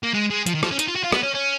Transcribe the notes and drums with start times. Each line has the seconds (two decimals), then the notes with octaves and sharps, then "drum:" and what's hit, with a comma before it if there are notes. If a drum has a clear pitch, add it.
0.03 A#3
0.14 G#3
0.30 G#3
0.46 F3, drum: hi-hat
0.55 D#3
0.63 F3, drum: rim click
0.71 C#4
0.79 D#4, drum: hi-hat
0.88 F4
0.96 F#4
1.04 F4
1.12 B3, drum: rim click
1.23 C#4
1.34 C#4